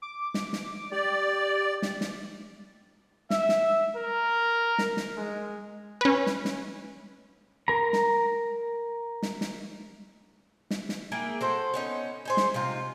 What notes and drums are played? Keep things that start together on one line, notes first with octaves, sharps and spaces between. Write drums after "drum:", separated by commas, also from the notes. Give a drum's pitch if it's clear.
D6
drum: snare
drum: snare
G4 D5
drum: snare
drum: snare
E5, drum: snare
drum: snare
A#4
drum: snare
drum: snare
G#3
C#4 B4
drum: snare
drum: snare
A#4 A#5
drum: snare
drum: snare
drum: snare
drum: snare
drum: snare
A#3 E4 G#4 G5
F#4 A4 C5
B3 C#4 D#4
D#4 G#4 C5
drum: snare
C3 D#4 F4